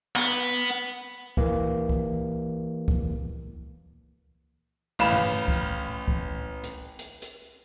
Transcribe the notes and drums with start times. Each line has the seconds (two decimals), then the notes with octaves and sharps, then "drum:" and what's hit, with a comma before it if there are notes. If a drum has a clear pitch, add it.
0.16 B3, drum: clap
1.37 E3 A#3, drum: kick C2
1.89 drum: kick C2
2.88 drum: kick C2
4.99 A1 F5 B5 E7, drum: open hi-hat
5.12 drum: tom G2
5.48 drum: kick C2
6.08 drum: kick C2
6.64 drum: hi-hat
6.99 drum: hi-hat
7.22 drum: hi-hat